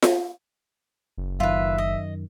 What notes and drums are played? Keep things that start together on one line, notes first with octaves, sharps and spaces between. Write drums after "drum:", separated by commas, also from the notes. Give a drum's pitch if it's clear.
drum: snare F4
F#1
F#2 D#3 F4 B4 E5
D#5